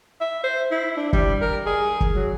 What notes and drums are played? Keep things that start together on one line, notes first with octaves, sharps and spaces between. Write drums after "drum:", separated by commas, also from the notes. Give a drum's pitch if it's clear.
E5
C5
E4
D4
G3, drum: kick
A#4
G#4
drum: kick
F#3